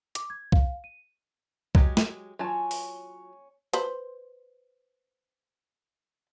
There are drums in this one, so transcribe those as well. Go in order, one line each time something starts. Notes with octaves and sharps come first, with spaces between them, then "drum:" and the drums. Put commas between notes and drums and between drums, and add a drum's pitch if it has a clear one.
D6, drum: hi-hat
G#6
F5, drum: kick
D#7
F#3 G#3 G4, drum: kick
drum: snare
F#3 F4 C#5 G#5 A5
drum: open hi-hat
B4 C5, drum: hi-hat